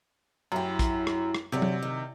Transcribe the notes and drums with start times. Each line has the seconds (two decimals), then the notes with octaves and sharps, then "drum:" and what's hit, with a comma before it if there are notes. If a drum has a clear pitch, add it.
0.52 F#2 E4 G4
0.79 drum: kick, hi-hat
1.07 drum: rim click
1.35 drum: rim click
1.52 F#2 C3 F#3 D5
1.62 drum: tom F#3
1.83 D#3